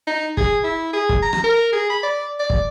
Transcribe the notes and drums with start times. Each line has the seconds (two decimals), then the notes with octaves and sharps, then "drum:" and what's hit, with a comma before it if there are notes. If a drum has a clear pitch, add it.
0.07 D#4
0.37 G#4, drum: kick
0.64 E4
0.93 G#4
1.09 drum: kick
1.22 A#5
1.33 drum: rim click
1.44 A#4
1.72 G#4
1.90 B5
2.03 D5
2.39 D5
2.50 drum: kick